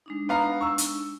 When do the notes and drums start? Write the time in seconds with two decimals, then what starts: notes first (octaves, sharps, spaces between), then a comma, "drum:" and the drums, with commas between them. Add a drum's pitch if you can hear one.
0.06 G#3 D4 D#4
0.29 B3 F5 A#5
0.61 C#6 E6
0.78 drum: hi-hat